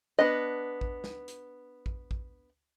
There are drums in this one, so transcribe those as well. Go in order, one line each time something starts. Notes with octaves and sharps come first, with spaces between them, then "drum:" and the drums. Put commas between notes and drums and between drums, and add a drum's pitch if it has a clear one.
B3 D4 D#5
drum: kick A1
drum: snare
drum: hi-hat
drum: kick A1
drum: kick A1